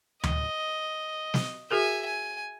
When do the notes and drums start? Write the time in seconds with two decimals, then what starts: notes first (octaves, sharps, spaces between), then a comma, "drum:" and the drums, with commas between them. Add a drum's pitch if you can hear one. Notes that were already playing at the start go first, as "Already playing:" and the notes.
0.24 D#5, drum: tom D2
1.34 drum: snare
1.71 F#4 G#4 A#4 E5 G#5
2.06 G#5